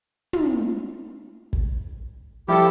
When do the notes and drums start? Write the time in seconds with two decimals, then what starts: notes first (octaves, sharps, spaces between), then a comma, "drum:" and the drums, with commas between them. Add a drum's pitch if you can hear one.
0.33 drum: tom
1.53 drum: kick
2.48 F3 G3 E4 G4 A4